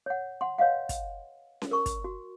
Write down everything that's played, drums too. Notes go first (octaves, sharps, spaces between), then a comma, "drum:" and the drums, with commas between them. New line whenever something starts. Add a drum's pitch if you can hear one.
C#5 F#5
F#5 C6
B4 C#5 D#5 F5 F#5
drum: kick, hi-hat
drum: snare C#4
A#4 C#6
drum: kick, hi-hat
F#4